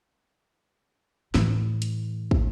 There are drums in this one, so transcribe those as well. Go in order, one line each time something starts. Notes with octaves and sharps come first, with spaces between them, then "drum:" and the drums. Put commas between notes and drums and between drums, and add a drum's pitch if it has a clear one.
A2 E3, drum: snare
drum: hi-hat
drum: kick